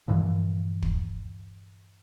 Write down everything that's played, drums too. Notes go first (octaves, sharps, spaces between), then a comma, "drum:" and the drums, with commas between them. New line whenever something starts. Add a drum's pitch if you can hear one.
G2 A#2 E3 F3
drum: kick